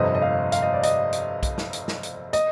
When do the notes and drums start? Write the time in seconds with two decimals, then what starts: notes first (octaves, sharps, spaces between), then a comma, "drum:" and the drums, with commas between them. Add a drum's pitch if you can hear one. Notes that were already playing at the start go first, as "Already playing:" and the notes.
Already playing: G1 F2 C3 D#5
0.15 D#5
0.22 F5
0.52 F5, drum: hi-hat
0.62 D#5
0.73 D5
0.83 D#5, drum: hi-hat
1.13 drum: hi-hat
1.43 drum: kick B1, hi-hat
1.58 drum: snare
1.73 drum: hi-hat
1.88 drum: snare
2.03 drum: hi-hat
2.33 D#5, drum: hi-hat